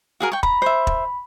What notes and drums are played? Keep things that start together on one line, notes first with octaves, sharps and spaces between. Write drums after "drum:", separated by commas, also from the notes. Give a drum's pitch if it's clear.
F#4 G#4 A#4
G5 C#6
A#5 B5, drum: kick
C5 E5
drum: kick